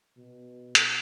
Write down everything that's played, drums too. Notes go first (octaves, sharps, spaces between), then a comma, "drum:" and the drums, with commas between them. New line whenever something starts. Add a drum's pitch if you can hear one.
B2
drum: hi-hat